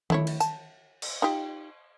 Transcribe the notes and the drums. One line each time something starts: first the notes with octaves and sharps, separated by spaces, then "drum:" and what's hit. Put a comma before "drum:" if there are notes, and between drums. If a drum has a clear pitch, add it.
A3 E4 C#5, drum: tom D#3
drum: cymbal
A5, drum: tambourine
drum: cymbal
D#4 F4 G4